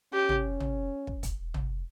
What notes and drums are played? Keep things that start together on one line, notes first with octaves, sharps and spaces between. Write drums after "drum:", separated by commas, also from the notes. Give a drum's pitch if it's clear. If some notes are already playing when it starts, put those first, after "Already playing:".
C#4 G4
drum: tom
drum: tom
drum: kick
drum: kick, hi-hat
drum: tom